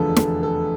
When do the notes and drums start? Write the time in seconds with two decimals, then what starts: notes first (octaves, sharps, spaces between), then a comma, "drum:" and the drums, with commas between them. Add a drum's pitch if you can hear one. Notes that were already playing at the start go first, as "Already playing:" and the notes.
Already playing: F1 E2 D3 F3 G#3 A4 B4
0.16 A4, drum: snare
0.43 A4